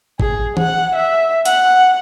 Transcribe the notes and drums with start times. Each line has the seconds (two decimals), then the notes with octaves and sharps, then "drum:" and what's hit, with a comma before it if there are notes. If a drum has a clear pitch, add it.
0.20 G#4, drum: kick G#1
0.57 F#5, drum: tom E3
0.95 E5
1.45 F#5, drum: hi-hat